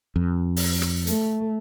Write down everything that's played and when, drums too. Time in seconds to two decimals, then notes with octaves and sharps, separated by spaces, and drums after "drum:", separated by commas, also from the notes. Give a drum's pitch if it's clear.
0.16 F2
0.56 drum: open hi-hat
0.82 drum: rim click
1.07 A3, drum: hi-hat